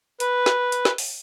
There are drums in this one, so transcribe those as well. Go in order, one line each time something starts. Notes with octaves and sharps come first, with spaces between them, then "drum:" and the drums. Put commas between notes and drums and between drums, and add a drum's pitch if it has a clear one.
B4, drum: hi-hat
drum: snare
drum: hi-hat
drum: snare
drum: open hi-hat